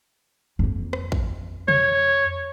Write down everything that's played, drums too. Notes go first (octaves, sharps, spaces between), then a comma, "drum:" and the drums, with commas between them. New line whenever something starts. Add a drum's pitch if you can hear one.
F2 A#3
drum: rim click
drum: kick
C#5, drum: tom